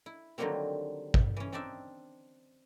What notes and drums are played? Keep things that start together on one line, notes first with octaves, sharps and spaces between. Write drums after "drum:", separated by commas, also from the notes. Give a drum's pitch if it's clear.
E4
D3 D#3 F#3 G3 A#3 C4
drum: kick
E3 C#4
C4 D4 D#4 D5 E5